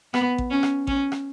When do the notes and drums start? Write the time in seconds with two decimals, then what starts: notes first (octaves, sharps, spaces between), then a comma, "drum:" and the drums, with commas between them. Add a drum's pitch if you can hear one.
0.14 B3, drum: rim click
0.38 drum: kick A1
0.50 C#4
0.63 drum: rim click
0.87 C#4, drum: kick A1
1.12 drum: rim click